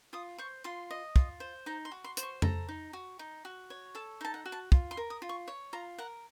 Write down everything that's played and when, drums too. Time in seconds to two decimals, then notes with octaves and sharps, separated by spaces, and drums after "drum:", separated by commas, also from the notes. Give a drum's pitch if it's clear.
0.13 F4 D#6
0.38 C5 C#6
0.64 F4 C6
0.91 D#5
1.16 F4, drum: kick
1.40 C5
1.66 D#4 A#5
1.85 C6
1.92 F#4
2.04 C6
2.17 C5, drum: hi-hat
2.23 C#6
2.42 A4 A#5, drum: tom F2
2.69 D#4
2.93 F#4
3.19 D#4
3.45 F#4
3.70 C#5
3.95 A4 A5
4.21 D#4 A5
4.34 F#5
4.45 F#4
4.52 A5
4.72 F4, drum: kick
4.91 C6
4.97 A#4
5.10 D#6
5.22 F4
5.29 C#6
5.48 C#5
5.73 F4 A#5
5.98 A#4 F#5